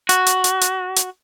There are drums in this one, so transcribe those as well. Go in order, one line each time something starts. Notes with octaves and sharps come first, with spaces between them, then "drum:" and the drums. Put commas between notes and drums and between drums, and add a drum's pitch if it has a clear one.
F#4, drum: hi-hat
drum: hi-hat
drum: hi-hat
drum: hi-hat
drum: hi-hat